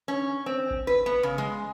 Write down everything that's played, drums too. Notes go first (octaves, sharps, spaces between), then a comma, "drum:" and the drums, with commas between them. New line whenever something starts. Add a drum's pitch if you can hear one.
C#4
C4
drum: kick A1
B4
B3
C#3
G#3